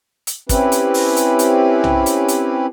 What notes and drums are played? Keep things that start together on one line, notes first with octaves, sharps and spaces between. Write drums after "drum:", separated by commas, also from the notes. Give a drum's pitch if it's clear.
drum: hi-hat
C4 C#4 E4 G4 B4, drum: kick, hi-hat
drum: hi-hat
drum: open hi-hat
drum: hi-hat
drum: hi-hat
drum: tom B1
drum: hi-hat
drum: hi-hat